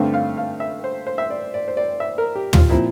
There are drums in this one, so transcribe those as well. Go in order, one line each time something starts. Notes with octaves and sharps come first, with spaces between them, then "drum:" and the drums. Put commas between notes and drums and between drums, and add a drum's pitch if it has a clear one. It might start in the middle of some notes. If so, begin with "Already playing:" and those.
Already playing: G2 D3 A3 C4 F5
F5
F5
E5
C5
C5
E5
D5
D5
C5
D5
E5
A#4
G4
F4, drum: tom
A#2 F3 C4 E4